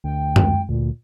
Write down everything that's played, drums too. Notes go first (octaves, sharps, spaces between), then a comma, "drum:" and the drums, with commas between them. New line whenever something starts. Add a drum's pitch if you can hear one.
D2 G5
drum: tom F#2
D2 A#2